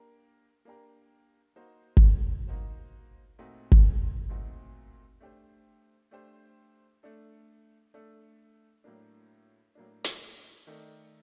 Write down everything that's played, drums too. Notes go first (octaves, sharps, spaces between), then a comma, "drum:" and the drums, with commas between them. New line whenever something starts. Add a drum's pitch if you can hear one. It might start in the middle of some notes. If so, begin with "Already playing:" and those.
Already playing: A#3 D4 G4 A#4
A#3 D4 G4 A#4
A#3 D#4 F#4 C5
drum: kick G1
A#3 D#4 F#4 C5
A#2 A3 C4 D#4 F#4
drum: kick G1
A#2 A3 C4 D#4 F#4
A3 D4 G4 C5
A3 D4 G4 C5
A3 D4 A4
A3 D4 A4
A2 F#3 A#3 D4
A2 F#3 A#3 D4
drum: hi-hat
D#3 A3 D#4 A4 D5